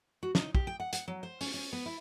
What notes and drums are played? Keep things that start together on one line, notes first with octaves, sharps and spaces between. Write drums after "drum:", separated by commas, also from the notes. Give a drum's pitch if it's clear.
F#4
D#4, drum: snare
G4, drum: kick
G5
F#5
F#5, drum: hi-hat
F#3
C5
C#4, drum: open hi-hat
C#4
B3
E4